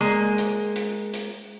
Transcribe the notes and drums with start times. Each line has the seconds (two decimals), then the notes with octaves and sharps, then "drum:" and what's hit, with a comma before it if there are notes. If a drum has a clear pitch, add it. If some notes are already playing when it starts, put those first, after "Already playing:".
0.01 G#3 A#3
0.38 drum: hi-hat
0.76 drum: hi-hat
1.14 drum: hi-hat